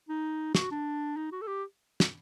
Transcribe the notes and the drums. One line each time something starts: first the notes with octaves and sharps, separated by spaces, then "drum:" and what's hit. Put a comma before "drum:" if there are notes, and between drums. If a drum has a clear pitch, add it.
D#4
F#4, drum: snare
D4
D#4
F#4
A4
G4
drum: snare